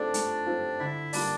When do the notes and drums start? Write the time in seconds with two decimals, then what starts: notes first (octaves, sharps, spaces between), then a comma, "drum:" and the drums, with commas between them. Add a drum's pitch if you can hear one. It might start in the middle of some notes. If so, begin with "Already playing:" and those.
Already playing: A3 C4 D4 F4 A4 D5
0.14 A3, drum: hi-hat
0.47 C4 F4 A4
0.80 D3 E4 E5
1.13 G3 A#3 D4 F4 D5, drum: open hi-hat